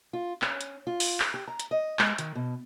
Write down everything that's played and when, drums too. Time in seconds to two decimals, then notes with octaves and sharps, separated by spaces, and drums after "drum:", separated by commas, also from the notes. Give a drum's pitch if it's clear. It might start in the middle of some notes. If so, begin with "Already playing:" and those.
0.13 F4
0.42 C#4, drum: clap
0.61 drum: hi-hat
0.87 F4
1.00 drum: open hi-hat
1.20 drum: clap
1.34 G4
1.48 A#5
1.60 drum: hi-hat
1.71 D#5
1.99 G#3, drum: clap
2.18 D#3, drum: hi-hat
2.35 B2